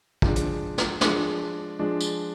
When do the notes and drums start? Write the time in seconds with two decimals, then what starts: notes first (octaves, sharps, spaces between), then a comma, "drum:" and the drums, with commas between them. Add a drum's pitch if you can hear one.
0.22 F3 G#3 D4, drum: kick
0.36 drum: hi-hat
0.78 drum: snare
1.01 F3 G#3 D4, drum: snare
1.79 F3 G#3 D4
2.01 drum: tambourine